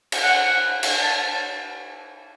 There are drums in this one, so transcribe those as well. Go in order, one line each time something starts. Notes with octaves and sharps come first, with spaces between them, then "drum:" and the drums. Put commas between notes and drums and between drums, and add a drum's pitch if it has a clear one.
drum: cymbal
F#5
drum: cymbal
A5